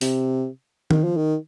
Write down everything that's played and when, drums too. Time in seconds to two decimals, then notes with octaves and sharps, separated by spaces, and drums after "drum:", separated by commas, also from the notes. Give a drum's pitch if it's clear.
0.01 C3, drum: open hi-hat
0.91 D#3, drum: tom D#3
1.04 F3
1.17 D#3